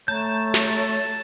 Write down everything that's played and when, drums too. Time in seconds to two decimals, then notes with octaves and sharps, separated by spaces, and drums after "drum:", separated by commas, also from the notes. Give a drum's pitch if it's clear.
0.08 A3 C#5 A5 A#5 G6
0.54 drum: snare